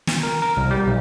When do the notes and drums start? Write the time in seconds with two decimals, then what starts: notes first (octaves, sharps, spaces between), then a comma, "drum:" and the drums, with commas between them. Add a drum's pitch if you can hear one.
0.07 drum: snare
0.23 A#4
0.42 A#4
0.57 C2
0.71 G3
0.87 B1